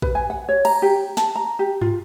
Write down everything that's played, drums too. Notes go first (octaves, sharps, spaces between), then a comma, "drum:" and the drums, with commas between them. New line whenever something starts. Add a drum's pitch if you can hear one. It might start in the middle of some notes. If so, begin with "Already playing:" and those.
B4, drum: kick A#1
G#5
F#5
C#5
A#5, drum: cymbal
G4
A5, drum: snare
A#5
G4
F4, drum: tom